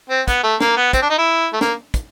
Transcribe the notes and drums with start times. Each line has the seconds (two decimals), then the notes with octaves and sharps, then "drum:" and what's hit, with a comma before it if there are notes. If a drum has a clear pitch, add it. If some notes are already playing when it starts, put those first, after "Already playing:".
0.10 C4
0.28 B3, drum: kick, hi-hat
0.43 A3
0.60 A#3, drum: snare
0.77 B3
0.93 C4, drum: kick, hi-hat
1.02 D4
1.10 D#4
1.18 E4
1.53 A3
1.61 A#3, drum: snare
1.94 drum: kick, hi-hat